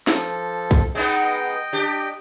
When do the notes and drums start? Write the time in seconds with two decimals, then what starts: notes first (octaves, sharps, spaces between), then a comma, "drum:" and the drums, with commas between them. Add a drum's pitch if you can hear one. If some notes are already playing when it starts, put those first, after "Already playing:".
0.07 F3 A4, drum: snare
0.71 drum: kick
0.95 G#3 B3 D#4 D#5 G5
1.73 D4 G4